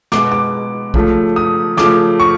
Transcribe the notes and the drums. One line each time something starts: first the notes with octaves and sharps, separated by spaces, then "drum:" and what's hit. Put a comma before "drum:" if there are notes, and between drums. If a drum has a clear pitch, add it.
B2 G#3 B3 D6, drum: snare
D6
C#3 F3 A3, drum: kick A#1
D#6
C#3 F3 A3 D6, drum: snare
C#6